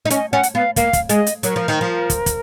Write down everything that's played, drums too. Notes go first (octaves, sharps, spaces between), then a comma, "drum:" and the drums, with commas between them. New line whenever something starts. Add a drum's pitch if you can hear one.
D#4
C#4 D#5, drum: hi-hat
C#4 F#5
drum: hi-hat
B3 F5
A#3 F5, drum: kick, hi-hat
drum: kick, hi-hat
G#3 D#5, drum: hi-hat
drum: hi-hat
F#3 A#4, drum: hi-hat
F3
D#3
F3
drum: kick, hi-hat
drum: kick, hi-hat